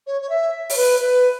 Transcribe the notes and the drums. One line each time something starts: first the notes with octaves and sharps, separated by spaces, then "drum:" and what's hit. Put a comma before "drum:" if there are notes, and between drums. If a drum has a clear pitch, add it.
C#5
C#5
E5
C#5, drum: open hi-hat
B4
B4